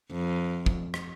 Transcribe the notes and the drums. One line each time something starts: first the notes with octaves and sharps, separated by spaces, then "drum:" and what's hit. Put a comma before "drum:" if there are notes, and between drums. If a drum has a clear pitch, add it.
F2
drum: kick
drum: rim click